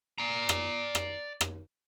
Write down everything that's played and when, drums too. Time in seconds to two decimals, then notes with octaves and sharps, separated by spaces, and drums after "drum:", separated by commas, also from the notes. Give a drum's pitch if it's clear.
0.18 D5 A#5
0.49 drum: rim click
0.95 drum: rim click
1.41 drum: rim click